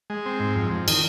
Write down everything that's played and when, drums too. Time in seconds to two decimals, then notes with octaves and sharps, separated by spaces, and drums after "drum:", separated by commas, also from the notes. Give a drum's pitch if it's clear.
0.10 G#3
0.26 C4
0.40 G#2
0.56 F2
0.71 F2
0.88 D#3, drum: cymbal